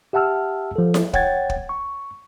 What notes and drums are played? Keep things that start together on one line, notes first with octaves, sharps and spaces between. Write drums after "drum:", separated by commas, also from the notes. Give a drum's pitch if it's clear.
G4 E5 F#5 A5 E6 F6
F3 A4
drum: snare E4
C#5 F#5 G5 G#6 A6, drum: kick
drum: kick
C#6